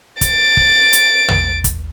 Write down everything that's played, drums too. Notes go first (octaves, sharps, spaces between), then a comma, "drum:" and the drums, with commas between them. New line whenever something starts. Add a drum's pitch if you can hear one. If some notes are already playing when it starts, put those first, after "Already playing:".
A6 D7, drum: kick, hi-hat
drum: kick
drum: hi-hat
drum: tom
drum: kick, hi-hat